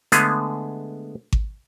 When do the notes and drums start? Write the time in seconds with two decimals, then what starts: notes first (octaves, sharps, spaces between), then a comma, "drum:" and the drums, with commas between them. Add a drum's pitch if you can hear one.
0.12 D3 G#3 A3 B3 G#4, drum: hi-hat
1.33 drum: kick G#1